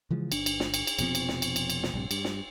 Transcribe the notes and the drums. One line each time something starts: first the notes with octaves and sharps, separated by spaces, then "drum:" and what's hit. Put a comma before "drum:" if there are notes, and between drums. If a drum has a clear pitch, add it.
C#3 E3 F3 G#3
G1 D4, drum: cymbal
drum: cymbal
drum: snare
drum: cymbal
drum: cymbal
F1 B2 F3 C4, drum: cymbal
drum: cymbal
drum: snare
drum: cymbal
drum: cymbal
drum: cymbal
drum: snare
A#1 G2 C3
G2, drum: cymbal
drum: snare